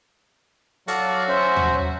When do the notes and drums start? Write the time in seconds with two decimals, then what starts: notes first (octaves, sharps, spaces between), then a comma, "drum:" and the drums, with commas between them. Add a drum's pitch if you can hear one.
0.88 F#3 F#4 A4 D5 F5, drum: hi-hat
1.29 C#4 C5 E5
1.56 drum: tom